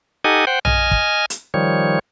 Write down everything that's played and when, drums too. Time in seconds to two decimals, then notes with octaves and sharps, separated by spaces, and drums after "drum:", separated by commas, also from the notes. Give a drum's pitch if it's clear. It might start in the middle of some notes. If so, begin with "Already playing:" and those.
0.24 D#4 G4 A4 D#5 F#5 G#5
0.47 C5 F#5 G5
0.65 D#5 G#5 F6, drum: tom A#1
0.91 drum: kick
1.30 drum: hi-hat
1.54 D#3 F3 G3 C#5